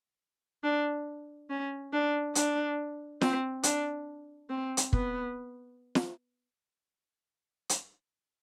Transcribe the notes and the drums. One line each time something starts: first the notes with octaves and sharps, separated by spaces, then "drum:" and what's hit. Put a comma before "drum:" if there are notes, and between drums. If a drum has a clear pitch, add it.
D4
C#4
D4
D4, drum: hi-hat
C4, drum: snare
D4, drum: hi-hat
C4
drum: hi-hat
B3, drum: kick
drum: snare
drum: hi-hat